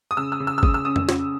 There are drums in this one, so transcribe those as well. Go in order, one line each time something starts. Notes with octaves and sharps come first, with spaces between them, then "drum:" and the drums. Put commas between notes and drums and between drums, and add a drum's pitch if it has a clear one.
D#6
C#3 E6
E6
C#3
E6
E6
C#3 D#6, drum: kick
E6
C#4 D#6
drum: tom F2
C#3, drum: snare